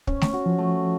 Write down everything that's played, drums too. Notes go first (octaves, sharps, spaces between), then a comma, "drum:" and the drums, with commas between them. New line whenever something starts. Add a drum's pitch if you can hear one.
C#4, drum: kick
drum: snare A3
F#4
F3
A3